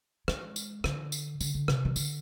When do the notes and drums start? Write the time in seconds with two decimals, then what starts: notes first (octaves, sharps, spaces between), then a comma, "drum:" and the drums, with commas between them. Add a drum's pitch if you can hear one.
0.28 G#3, drum: rim click
0.56 drum: tambourine
0.84 D3, drum: rim click
1.12 drum: tambourine
1.41 D3, drum: tambourine
1.55 D3
1.68 C3, drum: rim click
1.85 D#3
1.96 D3, drum: tambourine